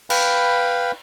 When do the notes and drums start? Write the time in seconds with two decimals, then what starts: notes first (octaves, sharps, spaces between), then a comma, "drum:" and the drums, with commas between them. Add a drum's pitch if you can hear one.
0.10 B4 F5 G5 B5, drum: cymbal